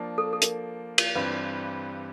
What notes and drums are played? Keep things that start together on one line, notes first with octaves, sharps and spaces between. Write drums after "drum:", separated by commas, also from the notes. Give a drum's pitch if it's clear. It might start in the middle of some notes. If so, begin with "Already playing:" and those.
Already playing: F3 A#3 D4
A4
A4
A#4, drum: hi-hat
drum: cymbal
G2 E3 G3 C4 B4